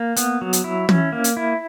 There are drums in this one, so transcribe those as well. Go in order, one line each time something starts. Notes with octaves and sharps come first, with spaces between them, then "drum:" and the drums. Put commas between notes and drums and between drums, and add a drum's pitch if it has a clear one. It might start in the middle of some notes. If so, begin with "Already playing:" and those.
Already playing: A#3
B3, drum: hi-hat
F#3
drum: hi-hat
E4
C#4, drum: tom
A#3
drum: hi-hat
E4